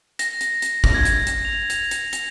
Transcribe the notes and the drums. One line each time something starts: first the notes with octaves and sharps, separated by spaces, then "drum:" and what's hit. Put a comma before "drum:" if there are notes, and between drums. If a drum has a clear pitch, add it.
A#6, drum: hi-hat
drum: hi-hat
drum: hi-hat
drum: kick
G#6
drum: hi-hat
drum: hi-hat
F7
drum: hi-hat
drum: hi-hat
drum: hi-hat